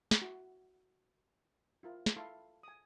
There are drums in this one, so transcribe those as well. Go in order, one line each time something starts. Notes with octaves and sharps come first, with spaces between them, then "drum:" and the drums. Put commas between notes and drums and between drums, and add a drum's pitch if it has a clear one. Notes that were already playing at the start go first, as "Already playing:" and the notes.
drum: snare
E4 F#4
E4 F4 A#4
drum: snare
E4 A4 F5 C6 C#6
G#5 D#6